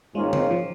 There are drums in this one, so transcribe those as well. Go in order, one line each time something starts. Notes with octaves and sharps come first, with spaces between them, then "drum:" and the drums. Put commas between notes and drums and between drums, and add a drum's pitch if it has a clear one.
G#2 D#3 G#3 A#3 C#4 F4
F3, drum: tom
F3